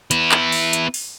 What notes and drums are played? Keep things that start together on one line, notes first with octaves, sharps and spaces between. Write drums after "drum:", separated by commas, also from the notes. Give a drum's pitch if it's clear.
B3 E4, drum: hi-hat
drum: clap
drum: open hi-hat
drum: hi-hat
drum: open hi-hat